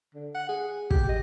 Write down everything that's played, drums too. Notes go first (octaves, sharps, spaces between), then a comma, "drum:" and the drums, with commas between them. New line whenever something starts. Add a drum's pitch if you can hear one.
D3
F#5
G#4
G4, drum: kick
D#5